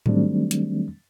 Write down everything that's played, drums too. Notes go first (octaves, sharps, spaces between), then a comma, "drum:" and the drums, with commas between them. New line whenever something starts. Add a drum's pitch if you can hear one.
D#3 F#3 G3 A3 C4 D4, drum: tom G#2
drum: hi-hat